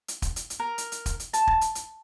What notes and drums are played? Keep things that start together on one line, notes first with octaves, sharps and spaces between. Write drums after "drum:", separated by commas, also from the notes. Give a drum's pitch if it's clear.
drum: hi-hat
drum: kick, hi-hat
drum: hi-hat
drum: hi-hat
A#4
drum: hi-hat
drum: hi-hat
drum: kick, hi-hat
drum: hi-hat
A5, drum: hi-hat
drum: kick
drum: hi-hat
drum: hi-hat